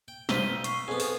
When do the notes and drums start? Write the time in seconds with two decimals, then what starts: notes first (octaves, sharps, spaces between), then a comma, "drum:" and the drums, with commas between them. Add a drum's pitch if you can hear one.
0.08 G5
0.29 B1 C5 F6 B6 D#7 G7, drum: snare
0.64 C#6 C7, drum: hi-hat
0.88 F2 B3 G#4
1.00 drum: open hi-hat